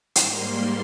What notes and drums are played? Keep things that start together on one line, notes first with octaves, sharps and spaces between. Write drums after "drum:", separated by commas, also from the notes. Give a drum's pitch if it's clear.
G#2 G3 A#3 C6, drum: hi-hat